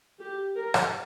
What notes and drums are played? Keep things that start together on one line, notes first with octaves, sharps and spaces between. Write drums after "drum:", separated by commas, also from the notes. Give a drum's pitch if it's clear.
G4
A#4
drum: rim click